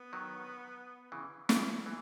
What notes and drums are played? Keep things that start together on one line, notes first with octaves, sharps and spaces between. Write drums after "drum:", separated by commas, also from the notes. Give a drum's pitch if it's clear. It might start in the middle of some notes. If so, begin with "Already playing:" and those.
Already playing: B3
D#3 F#3
C#3 E3
C#3 E3, drum: snare
E3